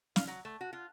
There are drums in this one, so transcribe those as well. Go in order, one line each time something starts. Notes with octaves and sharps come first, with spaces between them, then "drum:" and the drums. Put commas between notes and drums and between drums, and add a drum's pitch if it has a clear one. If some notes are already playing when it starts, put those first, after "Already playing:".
F5, drum: snare
F#3
A3
F#4
F4